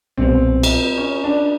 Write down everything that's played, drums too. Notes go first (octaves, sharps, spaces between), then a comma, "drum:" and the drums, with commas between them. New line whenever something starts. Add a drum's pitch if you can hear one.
B1 A#2 G3 B3 C4
drum: cymbal
C#4
D4